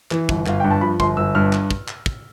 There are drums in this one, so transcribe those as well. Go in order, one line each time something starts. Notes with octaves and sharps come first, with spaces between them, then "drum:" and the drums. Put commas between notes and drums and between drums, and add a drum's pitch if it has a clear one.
E3, drum: clap
G1, drum: kick
G1 F5, drum: clap
G2 G5
A5
F3 B5
G1 C6, drum: kick
G1 E6
G2 F6
drum: clap
drum: kick
drum: clap
drum: kick